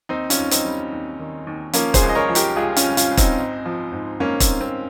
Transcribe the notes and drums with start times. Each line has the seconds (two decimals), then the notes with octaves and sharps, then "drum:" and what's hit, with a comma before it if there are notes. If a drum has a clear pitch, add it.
0.09 D#2 C4 D#4
0.30 C#4 F4, drum: hi-hat
0.38 D#2
0.51 C4 D#4, drum: hi-hat
0.65 G3
0.92 D#2
1.19 D#3
1.47 D#2
1.73 F3 A#3 C#4, drum: hi-hat
1.94 G#4 C5, drum: kick, hi-hat
2.02 C#2
2.09 D#5
2.15 A#4 C#5
2.29 F3
2.35 G4 A#4, drum: hi-hat
2.56 C#2 F4 G#4
2.76 C#4 F4, drum: hi-hat
2.84 C#2
2.97 C#4 F4, drum: hi-hat
3.11 C#2
3.17 C4 D#4, drum: kick, hi-hat
3.38 G#2
3.65 F3
3.92 G#2
4.20 G#2 A#3 C#4
4.40 C4, drum: kick, hi-hat
4.47 G#2
4.61 C4